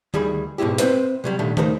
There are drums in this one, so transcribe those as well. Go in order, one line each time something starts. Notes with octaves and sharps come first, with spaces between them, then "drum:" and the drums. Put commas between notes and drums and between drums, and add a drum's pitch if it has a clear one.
D2 D#3 G3 G#4 B5, drum: tom D3
G#2 B2 G#3 E4 G4
C4 B4 C5 E5, drum: hi-hat
C3 F#3 G3
A#2 D3 D#3 G3 A3
D#2 C#3 A3 D#4 A#4 C5, drum: tom